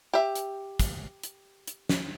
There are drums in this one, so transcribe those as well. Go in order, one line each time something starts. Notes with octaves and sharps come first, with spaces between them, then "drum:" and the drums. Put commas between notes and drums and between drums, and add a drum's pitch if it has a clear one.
G4 E5
drum: hi-hat
drum: kick, hi-hat
drum: hi-hat
drum: hi-hat
drum: snare